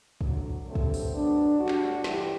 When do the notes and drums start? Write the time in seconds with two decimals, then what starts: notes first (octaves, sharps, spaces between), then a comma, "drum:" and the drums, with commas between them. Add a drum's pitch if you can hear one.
0.21 D2 D3 F#3, drum: kick
0.66 G2 D3 F#3 A3 C4
0.75 drum: kick
0.94 drum: open hi-hat
1.12 A2 F#3 B3 D4
1.58 A2 G3 D4 F#4
1.69 drum: clap
2.04 G2 E3 G3 E4 G4, drum: snare